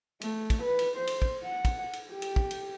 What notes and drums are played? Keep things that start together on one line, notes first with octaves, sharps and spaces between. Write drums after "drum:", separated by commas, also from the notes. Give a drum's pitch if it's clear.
A3, drum: cymbal
drum: kick, cymbal
B4
drum: cymbal
C5
drum: cymbal
drum: kick
F#5
drum: kick, cymbal
drum: cymbal
G4
drum: cymbal
drum: kick
drum: cymbal